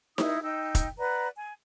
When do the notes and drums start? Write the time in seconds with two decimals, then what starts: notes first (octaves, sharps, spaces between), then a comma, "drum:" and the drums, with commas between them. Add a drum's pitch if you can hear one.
0.18 D#4 E4 D#6, drum: snare D#4
0.42 D#4 G5 E6
0.75 drum: kick, hi-hat
0.99 B4 D5 F#5 A#5
1.35 G#5